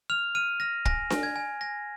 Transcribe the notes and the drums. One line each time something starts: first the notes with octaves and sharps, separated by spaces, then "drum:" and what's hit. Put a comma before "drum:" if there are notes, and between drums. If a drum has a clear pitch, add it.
F6 F7
F6 D#7
F6 A#6
G#5 A#6, drum: kick
G#5, drum: snare D4
G#6
G#5
G#5 A#6